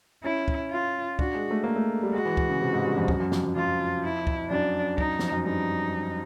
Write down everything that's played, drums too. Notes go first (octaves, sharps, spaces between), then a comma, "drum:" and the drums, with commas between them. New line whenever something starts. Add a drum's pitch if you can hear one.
C#4 E4
drum: kick
F4
D4 F#4, drum: kick
G#3
A3
A#3
A3
G3
G#3 F#4
E3
drum: kick
C#3
C3
G#2
G2
F2
F#2, drum: kick
F#2
F2, drum: snare
F#2
F2 F4
E4
drum: kick
F#2 D4
D#4, drum: kick
F2, drum: snare
F#2
G2 D#4